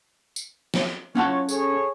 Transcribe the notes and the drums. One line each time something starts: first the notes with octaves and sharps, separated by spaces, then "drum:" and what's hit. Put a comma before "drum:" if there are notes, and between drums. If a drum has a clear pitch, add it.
drum: tambourine
drum: snare
C#4 F4 C#5 F#5 A5
G#4 A4 C#5, drum: tambourine